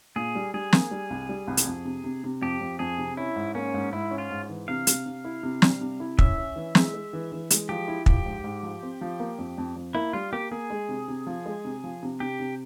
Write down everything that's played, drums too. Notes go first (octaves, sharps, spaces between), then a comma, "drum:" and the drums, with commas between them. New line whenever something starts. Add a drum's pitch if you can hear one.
A#2 G#4
G3
G3 G#4
A#3, drum: snare
G3
C2
G3
C2
drum: hi-hat
F2
C3
C3
C3
F2 G4
F2
F2 G#4
C3
C#4 E4
G#2
A#3 C#4
G#2
G#2 E4
C#4
F4
G#2
E3
C3 F5
C3, drum: hi-hat
C3
E4
C3
G3, drum: snare
C3
E4
C#4 E5, drum: kick
C#4
E3
G#3, drum: snare
G#3
E3
E3
G#3, drum: hi-hat
F3 G4
E4
F3 G4, drum: kick
G#2
G#2
F3
C4
F3
A#3
F2
F2
F2
A#3 E4
G3 F4
A#3 G4
A#3 G#4
G#3
C3
C3
F3
G#3
C3
F3
C3
C3 G4
C3